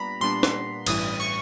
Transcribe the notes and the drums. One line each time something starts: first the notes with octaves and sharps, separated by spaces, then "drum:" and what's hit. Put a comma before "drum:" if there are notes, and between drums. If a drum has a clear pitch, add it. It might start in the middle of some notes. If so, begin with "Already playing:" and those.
Already playing: A#2 G3 B3 D4 A#5 B5
A#2 G3 B3 D4 C6
drum: snare
A1 G2 E3 D#6, drum: cymbal
C#6